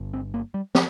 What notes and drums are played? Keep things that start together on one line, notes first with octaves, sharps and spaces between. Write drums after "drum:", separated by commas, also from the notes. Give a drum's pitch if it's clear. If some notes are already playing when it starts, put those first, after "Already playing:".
Already playing: G1 G2 D3
C4
A#3
G3
F3, drum: snare